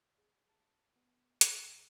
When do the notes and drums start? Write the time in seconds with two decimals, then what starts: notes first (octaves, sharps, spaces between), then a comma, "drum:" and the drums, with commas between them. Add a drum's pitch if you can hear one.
0.18 G#4
0.49 A5
0.96 B3
1.41 drum: hi-hat
1.57 D#2